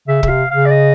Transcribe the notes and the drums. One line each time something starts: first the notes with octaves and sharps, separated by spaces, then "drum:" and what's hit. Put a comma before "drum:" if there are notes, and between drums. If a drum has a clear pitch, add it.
C#3 E5
C#3, drum: kick
C3 F5
C#3 F5
D5
D#5